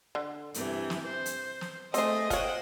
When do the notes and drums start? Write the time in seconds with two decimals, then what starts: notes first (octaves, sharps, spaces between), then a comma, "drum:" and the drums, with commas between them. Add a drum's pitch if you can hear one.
0.15 D3
0.54 G2 C3 E3, drum: hi-hat
0.90 drum: snare
1.05 C5
1.26 drum: hi-hat
1.61 drum: snare
1.94 A3 C4 G#4 C5 D#5, drum: hi-hat
2.30 F4 C5 C#5 F#5 G5, drum: kick F#1, hi-hat